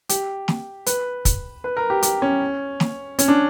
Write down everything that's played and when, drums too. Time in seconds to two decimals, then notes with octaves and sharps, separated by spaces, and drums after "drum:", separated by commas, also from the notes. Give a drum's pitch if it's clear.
0.09 G4, drum: hi-hat
0.48 drum: snare
0.86 B4, drum: hi-hat
1.25 drum: kick, hi-hat
1.64 B4
1.77 A#4
1.90 G4
2.03 G4, drum: hi-hat
2.22 C#4
2.80 drum: snare
3.19 C#4, drum: hi-hat
3.28 D4